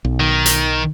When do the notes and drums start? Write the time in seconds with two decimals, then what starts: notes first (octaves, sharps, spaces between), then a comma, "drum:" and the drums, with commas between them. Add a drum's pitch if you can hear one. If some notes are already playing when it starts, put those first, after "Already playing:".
0.05 B1
0.20 D#3
0.46 drum: hi-hat